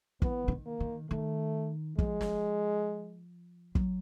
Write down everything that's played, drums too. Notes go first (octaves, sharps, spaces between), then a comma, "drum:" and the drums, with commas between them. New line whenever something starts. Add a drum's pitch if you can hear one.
E3 B3, drum: kick
D3
D#3
A#3
D#3
D#3 A3
F3 G#3, drum: kick
drum: snare
F#3, drum: kick